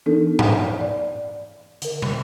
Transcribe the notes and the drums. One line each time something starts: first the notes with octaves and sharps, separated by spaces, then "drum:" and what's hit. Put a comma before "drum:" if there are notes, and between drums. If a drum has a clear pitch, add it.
E3 B3 D4 D#4 A4 A#4
drum: tom G#2
D5
D3 A#4, drum: hi-hat
drum: tom